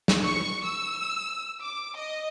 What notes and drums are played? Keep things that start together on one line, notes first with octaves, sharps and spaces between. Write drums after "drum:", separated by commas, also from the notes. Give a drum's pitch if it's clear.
drum: snare
C#6
E6
D6
D#5